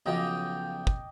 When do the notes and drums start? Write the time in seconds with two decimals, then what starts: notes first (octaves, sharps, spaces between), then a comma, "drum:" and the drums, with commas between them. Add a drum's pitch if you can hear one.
0.06 B1 C#3 F3 D#5 G5 D6
0.87 drum: kick